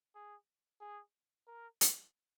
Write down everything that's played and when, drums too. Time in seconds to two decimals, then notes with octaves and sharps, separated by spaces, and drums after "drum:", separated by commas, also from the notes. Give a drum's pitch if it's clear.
0.15 G#4
0.81 G#4
1.47 A#4
1.81 drum: hi-hat